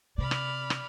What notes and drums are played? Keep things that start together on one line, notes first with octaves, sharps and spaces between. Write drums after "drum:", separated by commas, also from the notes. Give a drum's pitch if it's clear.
C3 D5 B5 F6
drum: rim click
drum: rim click